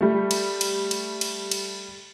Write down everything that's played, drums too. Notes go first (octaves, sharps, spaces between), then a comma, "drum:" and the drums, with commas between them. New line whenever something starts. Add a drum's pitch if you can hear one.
G3 A3
drum: cymbal
drum: cymbal
drum: cymbal
drum: cymbal
drum: cymbal